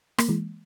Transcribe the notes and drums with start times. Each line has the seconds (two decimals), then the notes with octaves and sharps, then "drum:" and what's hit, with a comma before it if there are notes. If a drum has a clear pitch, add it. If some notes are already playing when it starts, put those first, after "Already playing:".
0.18 A#3, drum: rim click
0.28 E3 G#3